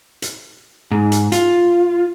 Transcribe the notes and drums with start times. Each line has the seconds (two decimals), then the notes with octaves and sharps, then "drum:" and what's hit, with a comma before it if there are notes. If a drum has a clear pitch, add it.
0.22 drum: hi-hat
0.91 G#2
1.12 drum: hi-hat
1.32 F4, drum: hi-hat